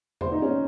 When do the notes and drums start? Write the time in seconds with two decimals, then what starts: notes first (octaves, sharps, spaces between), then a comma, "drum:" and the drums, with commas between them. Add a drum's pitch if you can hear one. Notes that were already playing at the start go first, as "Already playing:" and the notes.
0.21 C5, drum: tom E2
0.32 D#4
0.42 C#4